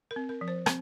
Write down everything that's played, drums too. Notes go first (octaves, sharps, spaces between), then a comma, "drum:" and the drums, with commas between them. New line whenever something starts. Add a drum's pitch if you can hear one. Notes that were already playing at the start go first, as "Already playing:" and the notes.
A#4
C4
A#4
F3
C5
C4, drum: rim click